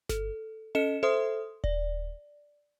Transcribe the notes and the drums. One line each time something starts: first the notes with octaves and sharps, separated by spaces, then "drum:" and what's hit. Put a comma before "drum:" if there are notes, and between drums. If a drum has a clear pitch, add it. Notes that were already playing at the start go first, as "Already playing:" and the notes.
A4, drum: snare G1
C#4 A4 D#5 C#7 E7
A4 C5 E5 C6 D#6
D5, drum: kick D#1